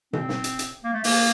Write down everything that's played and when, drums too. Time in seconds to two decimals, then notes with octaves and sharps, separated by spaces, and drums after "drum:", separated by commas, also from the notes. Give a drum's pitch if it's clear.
0.13 C4, drum: tom B2
0.29 drum: snare
0.44 drum: hi-hat
0.59 drum: hi-hat
0.84 A#3
0.94 A3
1.04 A#3, drum: open hi-hat